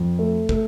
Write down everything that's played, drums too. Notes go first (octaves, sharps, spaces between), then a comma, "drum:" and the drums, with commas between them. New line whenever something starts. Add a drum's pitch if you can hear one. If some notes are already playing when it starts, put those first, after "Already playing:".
Already playing: F2
A3
A3, drum: kick